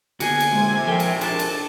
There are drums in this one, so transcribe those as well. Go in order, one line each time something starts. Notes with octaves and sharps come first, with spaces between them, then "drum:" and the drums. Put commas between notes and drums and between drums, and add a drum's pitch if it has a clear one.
D3 A#3 B3 F#4 G#4 G#5, drum: cymbal
drum: cymbal
A#1 C3 G#3
F3 A4 A#4 G5
drum: cymbal
D4 G#4 A#4 A5, drum: cymbal
drum: cymbal